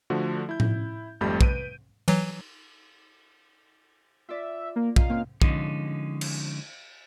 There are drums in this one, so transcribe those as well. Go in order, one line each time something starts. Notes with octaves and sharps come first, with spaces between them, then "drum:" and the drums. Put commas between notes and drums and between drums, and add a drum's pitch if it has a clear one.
D3 F3 A3 F#4
E4 G6
drum: tom A2
G#1 F2 G3 A3 B5 G6
B4 G6 D7 D#7, drum: kick
E3 F#3, drum: cymbal
F4 D5 E5
A#3
F4 D#5 F5 A#5, drum: kick
A#3 C4 C#4
D3 F3 G#3 C#4 D#4, drum: kick
drum: cymbal